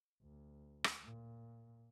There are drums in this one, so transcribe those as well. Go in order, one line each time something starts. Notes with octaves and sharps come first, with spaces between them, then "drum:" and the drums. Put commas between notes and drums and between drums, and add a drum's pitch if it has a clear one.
D2
drum: rim click
A#2